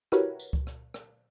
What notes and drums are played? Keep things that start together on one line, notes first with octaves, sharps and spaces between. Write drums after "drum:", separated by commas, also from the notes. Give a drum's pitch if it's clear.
E4 F#4 G4 A#4 B4 C#5, drum: rim click
drum: tambourine
drum: kick C#2
drum: rim click
drum: rim click